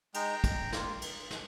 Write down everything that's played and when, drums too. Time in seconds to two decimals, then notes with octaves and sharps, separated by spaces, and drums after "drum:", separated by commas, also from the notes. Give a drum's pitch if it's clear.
0.14 G#3 D#4 G5 A#5, drum: cymbal
0.44 drum: kick, cymbal
0.73 A#3 F4, drum: snare
1.02 drum: cymbal
1.30 drum: snare